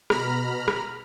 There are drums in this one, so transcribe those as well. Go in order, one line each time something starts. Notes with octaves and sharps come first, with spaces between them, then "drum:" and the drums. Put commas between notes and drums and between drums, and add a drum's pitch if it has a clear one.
B2 A#5 B5 F6, drum: rim click
drum: rim click